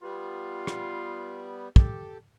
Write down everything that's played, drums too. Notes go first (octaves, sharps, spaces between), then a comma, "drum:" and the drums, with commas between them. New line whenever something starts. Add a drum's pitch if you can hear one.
G3 B3 F4
drum: rim click
G4 A4, drum: kick